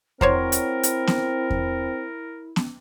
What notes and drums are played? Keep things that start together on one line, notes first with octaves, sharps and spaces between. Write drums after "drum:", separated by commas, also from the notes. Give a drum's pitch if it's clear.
F#3 C4 E4 A#4 C5 C#5, drum: kick E2
drum: hi-hat
drum: hi-hat
drum: snare B3
drum: kick E2
drum: snare B3